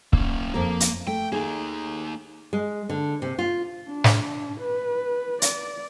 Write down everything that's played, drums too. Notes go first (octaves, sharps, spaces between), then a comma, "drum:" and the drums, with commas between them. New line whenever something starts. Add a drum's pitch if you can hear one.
A#3 C#4, drum: kick C#1
F2 A#3 A#4
drum: hi-hat
A3 G5
A#3 D#4 G#4
G#3
D3
C3
F4
D4
drum: snare
B4
D5, drum: hi-hat